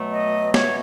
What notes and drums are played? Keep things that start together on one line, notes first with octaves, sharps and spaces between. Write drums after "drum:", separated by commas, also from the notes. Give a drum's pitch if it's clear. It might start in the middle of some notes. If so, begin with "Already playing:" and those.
Already playing: B2 F#3 A3
D#5
B2 A3 C#5, drum: snare